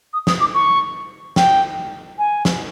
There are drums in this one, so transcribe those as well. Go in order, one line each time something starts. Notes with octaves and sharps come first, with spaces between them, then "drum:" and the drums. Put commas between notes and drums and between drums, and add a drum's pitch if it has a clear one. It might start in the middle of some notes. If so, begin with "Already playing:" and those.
D#6
D#6, drum: snare
D6
C#6
G5, drum: snare
G#5
drum: snare